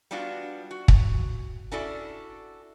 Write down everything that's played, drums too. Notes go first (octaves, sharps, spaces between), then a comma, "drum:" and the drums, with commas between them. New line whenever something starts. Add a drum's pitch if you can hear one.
G3 B3 D4 F4 F#4
F#4
drum: kick
C#4 D4 E4 F#4 A4 D5